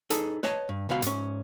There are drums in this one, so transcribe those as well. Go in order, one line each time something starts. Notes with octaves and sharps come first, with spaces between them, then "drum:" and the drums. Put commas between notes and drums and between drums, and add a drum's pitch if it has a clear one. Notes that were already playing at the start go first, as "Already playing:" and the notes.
D#4 G#4 A4 B4, drum: hi-hat
B4 C#5 D#5 A5, drum: snare
G2
C#2 B2 B4 F5 B5
G#2 C#4, drum: hi-hat